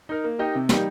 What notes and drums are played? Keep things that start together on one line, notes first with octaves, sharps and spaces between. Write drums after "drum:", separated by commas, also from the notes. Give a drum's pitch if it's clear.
D#4 A#4
A#3
D#4 G4 A#4 D#5
C3
G3 A#3 D#4 G4, drum: snare